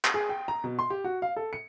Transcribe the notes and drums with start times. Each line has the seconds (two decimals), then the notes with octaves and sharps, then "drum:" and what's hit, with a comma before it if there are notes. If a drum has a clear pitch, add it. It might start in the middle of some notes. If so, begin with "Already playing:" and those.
0.05 drum: clap
0.14 G#4
0.29 G5
0.48 A#5
0.64 B2
0.79 C6
0.90 G4
1.04 F#4
1.22 F5
1.36 A4
1.53 C#7